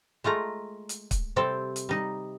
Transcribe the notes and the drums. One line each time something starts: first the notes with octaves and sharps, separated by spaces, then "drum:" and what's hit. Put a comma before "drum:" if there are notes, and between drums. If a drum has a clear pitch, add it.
G#3 A3 F4 A#5
drum: hi-hat
drum: kick, hi-hat
C3 G3 C4 A4 C5 G5
drum: hi-hat
G3 D#4